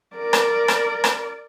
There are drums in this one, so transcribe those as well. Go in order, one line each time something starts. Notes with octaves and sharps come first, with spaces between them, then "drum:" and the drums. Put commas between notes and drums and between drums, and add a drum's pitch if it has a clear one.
A#4 D5
drum: rim click
drum: rim click
drum: rim click